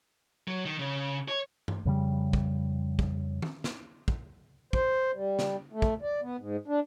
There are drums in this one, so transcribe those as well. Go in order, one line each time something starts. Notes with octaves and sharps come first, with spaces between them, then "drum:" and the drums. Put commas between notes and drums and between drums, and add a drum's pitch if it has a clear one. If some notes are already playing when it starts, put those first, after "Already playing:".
F#3
D#3
C#3
C#5
drum: tom G2
F2 C#3 G3
drum: kick
drum: kick
drum: tom D#3
drum: snare
drum: kick
C5, drum: kick
G3
drum: snare
A3
drum: kick
D5
B3
G#2
D4